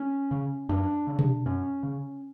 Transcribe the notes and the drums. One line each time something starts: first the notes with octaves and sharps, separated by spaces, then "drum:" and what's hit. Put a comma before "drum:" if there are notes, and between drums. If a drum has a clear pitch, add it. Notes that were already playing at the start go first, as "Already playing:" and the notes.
Already playing: C#4
C#3
F#2 D4
C#3
drum: tom B2
F#2 C#4
C#3